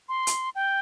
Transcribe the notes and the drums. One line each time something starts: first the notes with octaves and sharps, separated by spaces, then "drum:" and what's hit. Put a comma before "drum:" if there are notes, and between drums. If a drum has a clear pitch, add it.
C6
drum: hi-hat
G5